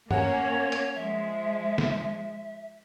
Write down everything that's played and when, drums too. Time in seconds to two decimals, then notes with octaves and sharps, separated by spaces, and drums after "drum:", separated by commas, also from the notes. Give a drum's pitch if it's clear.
0.11 A#3 C#4 C#5 F#5 G#5, drum: tom G2
0.72 drum: hi-hat
0.95 F3 G#3 E5
1.78 drum: snare